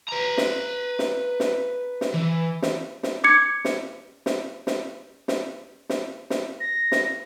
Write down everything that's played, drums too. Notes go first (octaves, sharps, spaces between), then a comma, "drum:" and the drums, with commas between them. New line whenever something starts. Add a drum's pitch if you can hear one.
B4 A#5
drum: snare
drum: snare
drum: snare
drum: snare
E3
drum: snare
drum: snare
D6 G#6 C#7
drum: snare
drum: snare
drum: snare
drum: snare
drum: snare
drum: snare
A#6
drum: snare